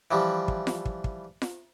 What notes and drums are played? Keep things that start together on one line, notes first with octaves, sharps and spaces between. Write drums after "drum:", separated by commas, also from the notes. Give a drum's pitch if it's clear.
E3 F3 G3
drum: kick
drum: snare F4
drum: kick
drum: kick
drum: snare F4